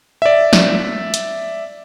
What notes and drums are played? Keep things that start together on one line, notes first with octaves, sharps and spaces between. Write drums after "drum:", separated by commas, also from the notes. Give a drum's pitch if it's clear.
D5 E5
drum: snare
drum: hi-hat